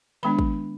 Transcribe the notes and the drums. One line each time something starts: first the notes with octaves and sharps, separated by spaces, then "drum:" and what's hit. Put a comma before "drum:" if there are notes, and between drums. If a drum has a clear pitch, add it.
D#3 G#3 B3 D4 B5
drum: kick